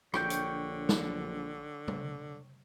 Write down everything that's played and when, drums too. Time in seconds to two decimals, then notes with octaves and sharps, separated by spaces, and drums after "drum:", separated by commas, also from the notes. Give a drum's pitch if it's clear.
0.14 A#1 D3 C#5 G5 G6, drum: rim click
0.30 drum: hi-hat
0.89 drum: snare
1.88 drum: tom C3